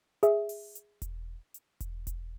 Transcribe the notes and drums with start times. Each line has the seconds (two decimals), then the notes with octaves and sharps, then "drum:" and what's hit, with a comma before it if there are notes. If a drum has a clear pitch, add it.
0.23 G#4 E5, drum: hi-hat
0.49 drum: open hi-hat
0.75 drum: hi-hat
1.02 drum: kick E1, hi-hat
1.54 drum: hi-hat
1.80 drum: kick E1, hi-hat
2.07 drum: kick E1, hi-hat